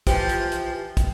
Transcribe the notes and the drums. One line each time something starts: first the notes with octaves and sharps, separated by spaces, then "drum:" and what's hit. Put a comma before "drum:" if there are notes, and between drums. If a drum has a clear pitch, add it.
E3 F3 G4, drum: kick, hi-hat
drum: hi-hat
drum: hi-hat
drum: kick, hi-hat